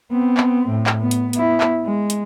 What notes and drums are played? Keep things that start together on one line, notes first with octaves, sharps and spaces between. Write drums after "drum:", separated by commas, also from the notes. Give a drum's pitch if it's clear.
B3 C4
drum: clap
A2
drum: clap
B3
drum: hi-hat
B3 E4, drum: hi-hat
drum: clap
G#3
drum: hi-hat